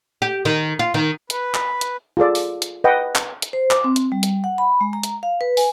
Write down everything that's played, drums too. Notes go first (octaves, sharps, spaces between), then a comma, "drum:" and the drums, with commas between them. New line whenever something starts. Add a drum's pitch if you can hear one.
G4
D#3
F4
D#3
B4, drum: hi-hat
drum: clap
drum: hi-hat
F4 G#4 A4 D5
drum: open hi-hat
drum: hi-hat
B4 D#5 F#5 G5
drum: clap
drum: hi-hat
C5
D6, drum: clap
C4
drum: hi-hat
G3
drum: hi-hat
F#5
B5
G#3
A#5
drum: hi-hat
F5
B4
G#5, drum: open hi-hat